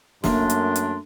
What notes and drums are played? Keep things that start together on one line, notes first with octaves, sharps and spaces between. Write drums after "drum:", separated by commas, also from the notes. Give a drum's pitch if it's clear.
F#2 A3 A#3 D4 C6, drum: snare
drum: hi-hat
drum: hi-hat